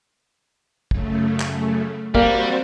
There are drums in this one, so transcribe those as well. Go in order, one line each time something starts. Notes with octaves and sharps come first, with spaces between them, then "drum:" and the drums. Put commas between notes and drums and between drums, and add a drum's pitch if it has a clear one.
F#2 C#3 A3, drum: kick
drum: clap
G3 A#3 C4 F#4 C5, drum: kick